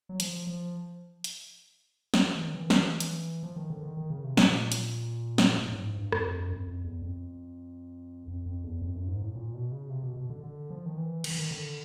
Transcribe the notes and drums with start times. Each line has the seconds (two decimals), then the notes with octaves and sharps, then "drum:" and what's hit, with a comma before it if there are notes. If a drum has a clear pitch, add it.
0.09 F#3
0.20 F3, drum: hi-hat
0.47 F3
1.24 drum: hi-hat
2.14 drum: snare
2.35 E3
2.45 D#3
2.55 E3
2.70 drum: snare
3.00 drum: hi-hat
3.43 F3
3.56 D#3
3.70 D3
3.83 D#3
3.97 D#3
4.10 C#3
4.24 C3
4.37 A#2, drum: snare
4.72 drum: hi-hat
5.38 drum: snare
5.59 A2
5.72 G#2
5.85 G#2
5.99 G2
6.12 F2, drum: rim click
6.26 F2
6.39 F#2
6.53 F2
6.66 F2
6.84 E2
7.02 F2
8.28 F2
8.46 F2
8.64 E2
8.82 F2
8.95 F#2
9.08 G#2
9.22 A2
9.36 A#2
9.54 B2
9.72 C#3
9.90 C3
10.03 B2
10.16 B2
10.30 D3
10.43 D3
10.70 F3
10.86 D#3
10.97 E3
11.24 D#3, drum: cymbal
11.31 E3
11.39 D#3
11.51 D3